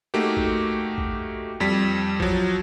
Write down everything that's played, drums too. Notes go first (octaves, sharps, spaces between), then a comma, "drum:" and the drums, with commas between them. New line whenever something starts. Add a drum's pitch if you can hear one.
A3 A#3 D#4 F#4 G4
drum: kick A1
drum: kick A1
F2 G3 B6
F3 F#3, drum: kick A1